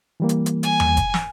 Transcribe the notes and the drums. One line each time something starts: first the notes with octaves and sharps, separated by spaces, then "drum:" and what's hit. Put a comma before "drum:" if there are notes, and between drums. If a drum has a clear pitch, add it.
E3 G3 A#3
drum: hi-hat
drum: hi-hat
G#5, drum: hi-hat
drum: tom E2
drum: kick F1, hi-hat
drum: snare